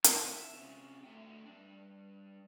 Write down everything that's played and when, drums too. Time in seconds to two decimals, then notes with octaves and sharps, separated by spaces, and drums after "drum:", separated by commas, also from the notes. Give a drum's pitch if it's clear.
0.04 A2 C3 D#3 F3 F#3, drum: hi-hat
0.34 E5
0.54 C3 C#4 F4
1.04 D3 A3 E5 G5
1.45 G3 D4